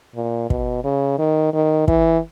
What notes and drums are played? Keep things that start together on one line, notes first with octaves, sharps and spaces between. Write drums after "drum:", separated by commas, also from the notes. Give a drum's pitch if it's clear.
A#2
B2, drum: kick
C#3
D#3
D#3
E3, drum: kick